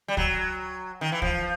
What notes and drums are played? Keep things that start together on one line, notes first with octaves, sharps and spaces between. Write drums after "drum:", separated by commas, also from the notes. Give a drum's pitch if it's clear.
G3
F#3, drum: kick
D#3
E3
F3, drum: kick